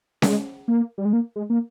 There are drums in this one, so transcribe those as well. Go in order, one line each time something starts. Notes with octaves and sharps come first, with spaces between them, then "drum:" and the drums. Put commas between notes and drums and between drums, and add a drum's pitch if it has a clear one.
G#3, drum: snare C#4
A#3
G3
G#3
A#3
G#3
A#3